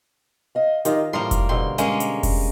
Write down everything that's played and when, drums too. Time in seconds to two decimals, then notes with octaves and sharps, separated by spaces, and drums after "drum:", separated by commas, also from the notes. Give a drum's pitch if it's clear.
0.55 D#5 F5
0.85 D#3 D#4 F4 G4 A#4 D#5, drum: hi-hat
1.13 A2 F3 G3 A#3 A#4 C6
1.31 drum: kick F1, hi-hat
1.49 B2 D3 C4 C6
1.78 G#3 A#3 C#4, drum: hi-hat
2.00 drum: hi-hat
2.23 drum: kick F1, open hi-hat